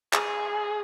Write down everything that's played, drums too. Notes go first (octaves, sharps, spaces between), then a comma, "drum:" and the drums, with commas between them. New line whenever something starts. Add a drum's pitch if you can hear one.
G#4, drum: clap